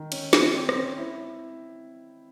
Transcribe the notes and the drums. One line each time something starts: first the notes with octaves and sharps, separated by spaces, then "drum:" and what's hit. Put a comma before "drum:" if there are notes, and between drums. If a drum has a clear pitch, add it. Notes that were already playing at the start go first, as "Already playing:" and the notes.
Already playing: D#3
C#4, drum: cymbal
C4, drum: snare
C4
C4, drum: rim click
C#4
E4